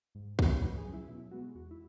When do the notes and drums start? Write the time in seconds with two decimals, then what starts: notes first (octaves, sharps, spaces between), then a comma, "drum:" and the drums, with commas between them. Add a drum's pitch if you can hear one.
0.15 G#2
0.39 E3 B3, drum: kick C2
0.61 G#2 B4
0.77 G#4
0.85 F#3 C#4
0.93 E4
1.08 B2 E4
1.31 G#3 B3 F#4
1.55 E2 F#4
1.71 E4